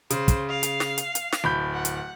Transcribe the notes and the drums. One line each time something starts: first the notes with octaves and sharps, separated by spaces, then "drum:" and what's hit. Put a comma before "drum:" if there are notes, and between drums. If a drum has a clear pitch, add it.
C#3 C5, drum: hi-hat
drum: kick, hi-hat
F5
drum: hi-hat
drum: snare
drum: hi-hat
drum: hi-hat
drum: snare
D1 B5 G6
F#5
drum: hi-hat